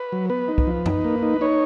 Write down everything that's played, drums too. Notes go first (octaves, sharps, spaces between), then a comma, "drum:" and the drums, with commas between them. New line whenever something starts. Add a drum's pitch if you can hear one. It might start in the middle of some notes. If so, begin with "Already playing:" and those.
Already playing: B4
F#3
B3 B4
D#4
drum: kick C2
F3
D#4, drum: tom F#2
A#3
D#4
D#4 C#5